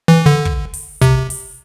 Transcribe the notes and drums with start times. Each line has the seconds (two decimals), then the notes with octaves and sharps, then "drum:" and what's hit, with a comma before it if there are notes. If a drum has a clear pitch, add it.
0.08 E3
0.26 D3
0.45 drum: kick
0.74 drum: open hi-hat
1.02 C3, drum: kick, hi-hat
1.30 drum: open hi-hat